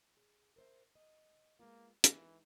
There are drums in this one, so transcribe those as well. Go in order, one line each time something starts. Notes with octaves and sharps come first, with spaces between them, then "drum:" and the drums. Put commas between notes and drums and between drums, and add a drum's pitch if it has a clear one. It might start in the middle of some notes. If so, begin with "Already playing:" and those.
G#4
A#4 C5 E5
D#5
G#3 A#3 B3 F4
E3 G#3 D#4, drum: hi-hat